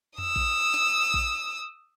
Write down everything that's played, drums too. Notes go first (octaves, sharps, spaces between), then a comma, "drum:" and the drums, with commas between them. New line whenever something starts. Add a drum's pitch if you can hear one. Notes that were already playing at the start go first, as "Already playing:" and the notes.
D#6 E6, drum: tom F2
drum: kick A#1
drum: snare
drum: kick A#1